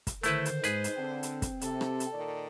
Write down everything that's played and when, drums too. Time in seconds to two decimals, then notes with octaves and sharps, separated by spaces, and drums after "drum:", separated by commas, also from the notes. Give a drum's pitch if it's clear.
0.07 drum: kick, hi-hat
0.23 D3 D#3 A3 E4 B4 C5, drum: hi-hat
0.45 drum: hi-hat
0.64 G#2 G#3 G#4 B4, drum: hi-hat
0.84 drum: hi-hat
0.97 D3 C4
1.23 drum: hi-hat
1.42 drum: kick, hi-hat
1.61 C3 A4, drum: hi-hat
1.81 drum: rim click
2.00 drum: hi-hat
2.12 A#2 D#3 D5